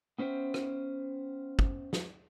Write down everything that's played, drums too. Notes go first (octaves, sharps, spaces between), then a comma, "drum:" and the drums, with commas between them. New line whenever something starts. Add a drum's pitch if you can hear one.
B3 C#4 C5 E5 G5
drum: rim click
drum: kick
drum: snare